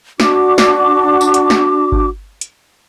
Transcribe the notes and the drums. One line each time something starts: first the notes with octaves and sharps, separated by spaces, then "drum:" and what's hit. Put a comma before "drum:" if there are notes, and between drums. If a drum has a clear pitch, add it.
D4 F#4 D6, drum: snare
drum: snare
drum: tambourine
drum: hi-hat
drum: snare
drum: kick G1
drum: hi-hat